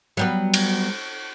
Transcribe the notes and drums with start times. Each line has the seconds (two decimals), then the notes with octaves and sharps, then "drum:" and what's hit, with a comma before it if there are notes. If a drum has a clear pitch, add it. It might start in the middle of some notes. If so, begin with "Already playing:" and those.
0.17 F#3 G3 B3
0.54 drum: cymbal